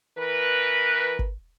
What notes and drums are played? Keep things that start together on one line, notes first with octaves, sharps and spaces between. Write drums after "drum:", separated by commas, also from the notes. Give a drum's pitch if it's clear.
E3 A#4 B4
drum: kick G#1